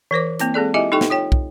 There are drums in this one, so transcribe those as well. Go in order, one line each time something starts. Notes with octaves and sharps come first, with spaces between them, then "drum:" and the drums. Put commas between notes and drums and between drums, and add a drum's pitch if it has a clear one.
E3 A#4 C5 D6
A#3 C4 E4, drum: hi-hat
G#3 C4 G#4 A4 D5
E4 F4 G4 D#5 E5 G#5
D#4 G4 A4 G5 C#6
drum: snare
F4 C#5 G5
drum: kick